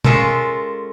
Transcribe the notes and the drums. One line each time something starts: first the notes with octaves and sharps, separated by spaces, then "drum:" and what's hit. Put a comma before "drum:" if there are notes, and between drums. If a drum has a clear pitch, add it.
G#3 C#4 F4 A4 A#4, drum: tom